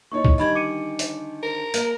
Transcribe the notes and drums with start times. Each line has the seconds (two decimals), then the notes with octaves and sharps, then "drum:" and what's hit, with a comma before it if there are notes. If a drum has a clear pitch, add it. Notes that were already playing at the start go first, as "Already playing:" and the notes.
0.12 A#3 D#4 E4 C#5 C#6
0.25 drum: kick
0.38 D3 D#3 G3 D5 D#5 G#5 B5 G#6
0.55 D6 C#7 D#7
0.99 drum: hi-hat
1.43 A#4
1.74 A#3, drum: hi-hat